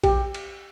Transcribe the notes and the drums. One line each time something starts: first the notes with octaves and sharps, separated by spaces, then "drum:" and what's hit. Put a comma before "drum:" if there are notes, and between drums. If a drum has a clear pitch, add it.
G4, drum: kick A#1, cymbal
drum: cymbal